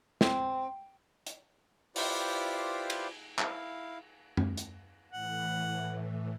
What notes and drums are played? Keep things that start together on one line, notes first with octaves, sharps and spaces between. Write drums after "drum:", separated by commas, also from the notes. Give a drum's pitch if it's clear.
C4, drum: snare
drum: hi-hat
E4 F4 G4 B4 C5 D5, drum: open hi-hat
drum: cymbal
E4 F5, drum: clap
drum: tom
drum: hi-hat
A2 E3 F#5